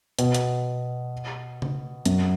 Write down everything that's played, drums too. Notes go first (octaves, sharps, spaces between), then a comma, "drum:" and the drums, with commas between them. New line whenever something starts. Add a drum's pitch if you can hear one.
B2, drum: hi-hat
drum: hi-hat
drum: tom C#3
F#2, drum: hi-hat